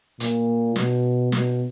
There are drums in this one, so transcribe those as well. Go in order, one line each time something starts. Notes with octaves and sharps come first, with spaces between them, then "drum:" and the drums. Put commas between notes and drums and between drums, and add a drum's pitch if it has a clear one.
A#2, drum: hi-hat
B2, drum: snare
B2, drum: snare